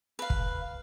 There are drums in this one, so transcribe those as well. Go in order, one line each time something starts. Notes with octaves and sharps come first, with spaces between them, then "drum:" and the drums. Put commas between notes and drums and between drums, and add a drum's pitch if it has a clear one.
B4 F5
drum: kick